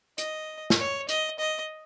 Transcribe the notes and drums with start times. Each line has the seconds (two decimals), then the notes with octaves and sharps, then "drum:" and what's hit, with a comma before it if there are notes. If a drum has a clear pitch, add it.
0.18 D#5, drum: hi-hat
0.70 drum: snare
0.79 C#5
1.09 D#5, drum: hi-hat
1.39 D#5